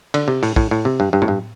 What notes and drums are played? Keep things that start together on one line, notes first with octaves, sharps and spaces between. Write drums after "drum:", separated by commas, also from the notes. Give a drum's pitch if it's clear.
D3, drum: cymbal
C3
A2, drum: open hi-hat
A2, drum: kick
A2
C3
G2
G2
A2, drum: tom A2
G2